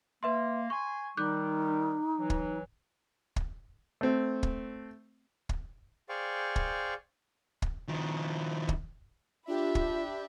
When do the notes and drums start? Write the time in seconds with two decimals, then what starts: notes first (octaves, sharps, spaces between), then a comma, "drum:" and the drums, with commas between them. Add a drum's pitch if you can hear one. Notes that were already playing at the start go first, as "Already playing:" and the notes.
0.23 A#3 B4 E5 C6
0.70 G#5 C6 C#6
1.17 D#3 G3 D#4 D6 F#6 G6
2.17 E3 F#3
2.30 drum: kick
3.36 drum: kick
4.01 A3 C4
4.43 drum: kick
5.49 drum: kick
6.09 G#4 C5 D5 F5 G5 C#6
6.56 drum: kick
7.62 drum: kick
7.88 D#3 F3
8.69 drum: kick
9.48 D4 F4 G4 E5 B5
9.75 drum: kick